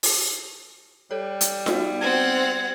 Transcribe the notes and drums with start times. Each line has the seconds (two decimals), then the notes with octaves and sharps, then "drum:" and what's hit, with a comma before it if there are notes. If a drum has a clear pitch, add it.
0.03 drum: open hi-hat
1.11 G3 A4 C#5
1.41 drum: hi-hat
1.66 B3 D#4 F#4, drum: snare F4
2.01 C4 F#5 G#6